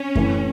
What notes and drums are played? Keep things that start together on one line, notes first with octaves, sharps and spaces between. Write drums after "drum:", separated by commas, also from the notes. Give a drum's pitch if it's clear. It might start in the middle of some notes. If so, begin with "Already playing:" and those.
Already playing: C#4
A2 E3 A3, drum: kick F#2